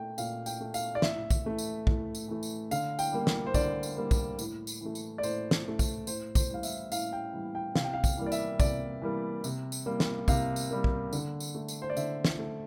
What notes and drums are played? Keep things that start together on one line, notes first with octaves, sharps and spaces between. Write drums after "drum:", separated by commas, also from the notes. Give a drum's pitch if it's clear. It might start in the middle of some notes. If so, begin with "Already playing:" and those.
Already playing: A#2 A3 G5
A#2 F5, drum: tambourine
G5, drum: tambourine
A3
F5, drum: tambourine
D5
A2 E5, drum: snare
drum: kick, tambourine
E3 A3
drum: tambourine
A2, drum: kick
drum: tambourine
E3 A3
drum: tambourine
D3 F5, drum: tambourine
G5, drum: tambourine
G3 A#3
drum: snare
C5
D3 D5, drum: kick, tambourine
drum: tambourine
G3 A#3
drum: kick, tambourine
A2, drum: tambourine
drum: tambourine
E3 A3
drum: tambourine
D5
A2 C5, drum: tambourine
drum: snare
E3 A3
drum: kick, tambourine
A2 C5, drum: tambourine
C5, drum: kick, tambourine
E3 G3 F5
E5, drum: tambourine
A2 F5, drum: tambourine
G5
E3 G3
G5
C3 F5, drum: snare
G5
F5
drum: kick, tambourine
E3 G3 A#3
D5
E5, drum: tambourine
C3 D5, drum: kick, tambourine
E3 G3 A#3
C3, drum: tambourine
drum: tambourine
G3 A#3
drum: snare
C3 F5, drum: kick, tambourine
drum: tambourine
G3 A#3
drum: kick
D3, drum: tambourine
drum: tambourine
A3
drum: tambourine
C5
D5
D3 E5, drum: tambourine
drum: snare
A3